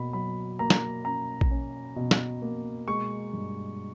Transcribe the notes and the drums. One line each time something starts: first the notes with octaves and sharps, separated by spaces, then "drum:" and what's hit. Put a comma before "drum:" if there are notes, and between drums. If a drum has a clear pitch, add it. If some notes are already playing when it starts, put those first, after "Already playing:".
Already playing: B2 A#3 B5
F#3 B5
A#3 A#5
drum: snare
C#4 A#5
drum: kick A#1
C#4
B2
drum: snare
A#3
G#3 C#6
G2